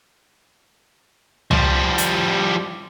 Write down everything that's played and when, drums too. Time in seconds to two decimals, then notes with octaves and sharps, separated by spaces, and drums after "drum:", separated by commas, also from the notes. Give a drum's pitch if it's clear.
1.51 F3 G3, drum: tom
1.98 drum: hi-hat